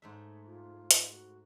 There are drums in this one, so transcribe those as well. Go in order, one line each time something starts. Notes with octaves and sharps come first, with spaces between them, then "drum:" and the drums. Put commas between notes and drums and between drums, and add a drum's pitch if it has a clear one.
G#2 A3 E5
F4
drum: hi-hat
F#4